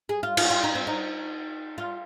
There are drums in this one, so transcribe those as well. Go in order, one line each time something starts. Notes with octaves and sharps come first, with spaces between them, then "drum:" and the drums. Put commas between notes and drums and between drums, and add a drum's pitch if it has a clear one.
G#4
F4
F4, drum: cymbal
F4
D#4
C4
D#4
F4